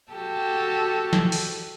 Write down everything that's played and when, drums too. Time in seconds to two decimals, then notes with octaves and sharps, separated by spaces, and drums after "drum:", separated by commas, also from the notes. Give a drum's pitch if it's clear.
0.12 F#4 G4 A4
1.13 drum: snare
1.32 drum: open hi-hat